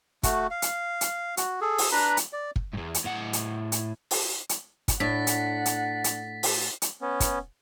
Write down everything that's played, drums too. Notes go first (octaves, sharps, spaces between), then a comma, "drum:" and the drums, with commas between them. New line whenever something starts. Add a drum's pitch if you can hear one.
A3 F#4, drum: kick, hi-hat
F5
drum: hi-hat
drum: hi-hat
F#4, drum: hi-hat
G#4 A4
drum: open hi-hat
D4 B4 A#5 B5
drum: hi-hat
D5
drum: kick
E2 G2
drum: hi-hat
A2 F#5
drum: hi-hat
drum: hi-hat
drum: open hi-hat
drum: hi-hat
drum: kick, hi-hat
A2 D4 F#5 A6 B6
drum: hi-hat
drum: hi-hat
drum: hi-hat
drum: open hi-hat
drum: hi-hat
B3 C#4
drum: kick, hi-hat